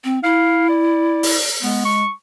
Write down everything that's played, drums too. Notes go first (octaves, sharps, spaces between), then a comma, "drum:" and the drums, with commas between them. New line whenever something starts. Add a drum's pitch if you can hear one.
C4
E4 F5
D5
drum: open hi-hat
G#3 B3
C#6